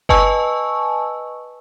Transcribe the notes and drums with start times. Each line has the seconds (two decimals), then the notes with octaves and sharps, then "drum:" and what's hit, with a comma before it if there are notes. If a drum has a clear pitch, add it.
0.09 B4 D#5 G#5 A5 C#6 E6, drum: kick F#1